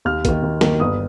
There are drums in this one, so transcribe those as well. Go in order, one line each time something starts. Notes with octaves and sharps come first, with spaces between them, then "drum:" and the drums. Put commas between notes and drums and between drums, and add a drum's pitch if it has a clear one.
D#2 F6
D#3 A#3, drum: kick, hi-hat
D#2
D#3 A#3, drum: snare
G1 D#6